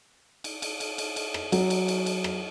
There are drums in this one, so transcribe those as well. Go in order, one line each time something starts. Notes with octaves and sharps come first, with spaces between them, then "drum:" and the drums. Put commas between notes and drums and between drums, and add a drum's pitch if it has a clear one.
drum: cymbal
drum: cymbal
drum: cymbal
drum: cymbal
drum: cymbal
drum: rim click
F#3, drum: cymbal
drum: cymbal
drum: cymbal
drum: cymbal
drum: rim click